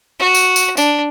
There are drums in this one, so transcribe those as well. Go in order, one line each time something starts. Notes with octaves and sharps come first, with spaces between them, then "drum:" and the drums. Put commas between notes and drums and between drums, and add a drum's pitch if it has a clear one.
F#4
drum: tambourine
drum: tambourine
D4, drum: tambourine